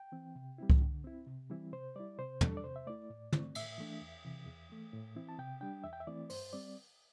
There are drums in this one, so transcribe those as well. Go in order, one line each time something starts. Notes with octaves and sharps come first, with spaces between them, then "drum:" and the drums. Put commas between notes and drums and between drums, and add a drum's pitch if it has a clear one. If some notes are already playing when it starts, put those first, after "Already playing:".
Already playing: G5
E3 C4
C3
G3 C4 E4
drum: kick C2
D3
C4 E4
C3
E3 G3 C4 E4
C3 C5
G3 E4 D5
C3 C5
G3 D4 A4, drum: tom
D5
C3 C5
E5
A3 E4 D5
A2
A3 C4, drum: tom
A2 E5, drum: cymbal
E3 A3 D4
E2
C3 E3
E2
E3 A3
A2
E3 C4 E4
A5
C3 G5
G3 D4 G5
E2 E5
G5
E5
E3 A3 C4 E4 D5
G2 C5, drum: open hi-hat
G3 C4 D5